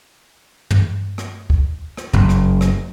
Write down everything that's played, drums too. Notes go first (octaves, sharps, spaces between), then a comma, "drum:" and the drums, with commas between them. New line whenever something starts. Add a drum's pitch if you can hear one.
drum: tom
drum: rim click
drum: kick
drum: rim click
F#1, drum: tom
drum: rim click
drum: rim click